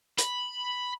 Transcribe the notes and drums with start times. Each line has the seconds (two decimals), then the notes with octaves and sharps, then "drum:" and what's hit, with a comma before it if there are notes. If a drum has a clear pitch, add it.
0.18 B5, drum: hi-hat